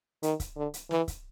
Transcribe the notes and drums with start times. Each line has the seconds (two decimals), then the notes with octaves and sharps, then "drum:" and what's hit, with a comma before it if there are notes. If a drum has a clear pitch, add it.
0.23 D#3, drum: hi-hat
0.40 drum: kick C#1, hi-hat
0.56 D3
0.74 drum: hi-hat
0.91 E3, drum: snare
1.08 drum: kick C#1, hi-hat